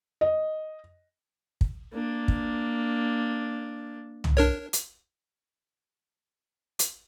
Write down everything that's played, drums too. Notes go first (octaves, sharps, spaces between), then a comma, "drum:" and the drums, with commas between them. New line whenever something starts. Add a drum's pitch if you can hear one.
D#5
drum: kick
A#3 D4
drum: kick
drum: tom
D4 A#4 C#5
drum: hi-hat
drum: hi-hat